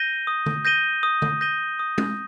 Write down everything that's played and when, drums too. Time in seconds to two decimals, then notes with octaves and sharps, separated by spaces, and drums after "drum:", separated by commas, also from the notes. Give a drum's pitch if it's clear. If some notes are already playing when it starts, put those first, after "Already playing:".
Already playing: G6 A#6 D#7 G7
0.27 D#6
0.46 drum: tom D3
0.65 G6 A#6 D#7 G7
1.03 D#6
1.22 drum: tom D3
1.41 G6 A#6 D#7 G7
1.79 D#6
1.98 drum: tom